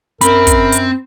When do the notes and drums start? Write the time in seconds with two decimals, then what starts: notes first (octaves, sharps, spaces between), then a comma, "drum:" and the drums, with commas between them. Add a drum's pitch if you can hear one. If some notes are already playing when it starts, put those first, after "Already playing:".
0.21 F#2 C4 A#4 B5, drum: hi-hat
0.47 drum: kick, hi-hat
0.72 drum: hi-hat